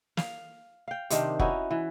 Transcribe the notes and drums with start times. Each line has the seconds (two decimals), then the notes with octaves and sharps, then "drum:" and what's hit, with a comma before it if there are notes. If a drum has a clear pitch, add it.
0.17 F5, drum: snare
0.88 F5 G5
1.10 C3 D#3 D4 C5, drum: hi-hat
1.39 C#4 D#4 E4 F#4, drum: kick F1
1.71 E3